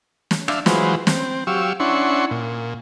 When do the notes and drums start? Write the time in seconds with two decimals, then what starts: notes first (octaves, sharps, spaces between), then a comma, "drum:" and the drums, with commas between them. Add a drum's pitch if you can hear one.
0.31 drum: snare
0.48 D4 E5 F5, drum: rim click
0.66 E3 F#3 G#3 F4 B4 C5, drum: snare
1.07 C4, drum: snare
1.47 F#3 G4 F5 C#6 E6
1.80 C#4 D4 E4 F#5 C6 C#6
2.31 A#2